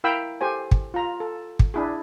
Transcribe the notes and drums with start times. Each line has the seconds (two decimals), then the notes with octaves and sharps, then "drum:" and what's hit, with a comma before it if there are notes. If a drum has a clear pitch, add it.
0.04 E4 A#4 F5 G5 B5 E6
0.41 G4 A4 C5 G#5
0.71 drum: kick
0.94 F4 A#5
1.20 A4
1.59 drum: kick
1.74 D4 E4 G#4